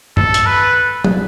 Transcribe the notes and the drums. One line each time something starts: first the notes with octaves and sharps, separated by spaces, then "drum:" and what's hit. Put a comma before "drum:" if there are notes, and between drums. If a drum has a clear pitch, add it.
A4, drum: tom
drum: hi-hat
B4
drum: tom